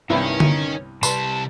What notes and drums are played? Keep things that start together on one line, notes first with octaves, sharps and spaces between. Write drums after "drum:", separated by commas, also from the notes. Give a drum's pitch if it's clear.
C2 G2 D#3 B3 C#4 E4
drum: tom D3
C3 G3 B4 A5 C6, drum: tambourine